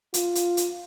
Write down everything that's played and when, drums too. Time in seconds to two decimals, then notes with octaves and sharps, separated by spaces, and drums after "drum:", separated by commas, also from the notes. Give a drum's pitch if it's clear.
0.14 F4, drum: hi-hat
0.35 drum: hi-hat
0.57 drum: hi-hat